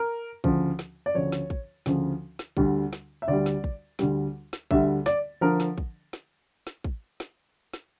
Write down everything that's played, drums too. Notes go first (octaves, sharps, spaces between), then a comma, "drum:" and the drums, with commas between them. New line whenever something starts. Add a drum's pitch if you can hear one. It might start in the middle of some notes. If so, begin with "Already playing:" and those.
Already playing: A#4
D2 C#3 F3, drum: kick
drum: snare
D5
D2 C#3 F3 C#5
drum: snare
drum: kick
D2 C#3 F3, drum: snare
drum: snare
D2 D3 G3, drum: kick
drum: snare
E5
D2 D3 G3 D5
drum: snare
drum: kick
D2 D3 G3, drum: snare
drum: snare
D2 D3 G3 E5, drum: kick
D5, drum: snare
D3 F3 A#4
drum: snare
drum: kick
drum: snare
drum: snare
drum: kick
drum: snare
drum: snare